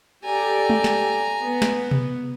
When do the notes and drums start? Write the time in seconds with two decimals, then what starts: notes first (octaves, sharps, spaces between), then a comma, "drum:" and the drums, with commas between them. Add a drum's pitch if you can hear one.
0.24 G4 A4 D5 G#5 A#5
0.70 drum: tom G#3
0.84 drum: snare
1.43 B3
1.62 drum: snare
1.91 drum: tom B2